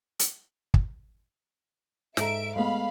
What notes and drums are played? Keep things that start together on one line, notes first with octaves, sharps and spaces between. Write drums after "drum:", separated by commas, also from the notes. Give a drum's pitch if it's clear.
drum: hi-hat
drum: kick
G#2 A4 E5 A#5 D7, drum: snare
G#3 A3 B3 F5 B5